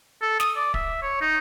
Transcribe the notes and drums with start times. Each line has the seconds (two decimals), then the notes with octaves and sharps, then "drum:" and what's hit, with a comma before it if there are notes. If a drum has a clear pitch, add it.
0.22 A4
0.40 D#6, drum: snare
0.56 D5
0.74 E5, drum: kick
1.02 C#5
1.21 D#4